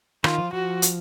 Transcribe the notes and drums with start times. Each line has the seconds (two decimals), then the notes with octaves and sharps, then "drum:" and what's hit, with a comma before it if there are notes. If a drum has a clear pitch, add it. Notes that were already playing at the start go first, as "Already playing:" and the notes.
0.24 D#3 F4, drum: rim click
0.38 F3
0.53 F3 F#4
0.82 drum: hi-hat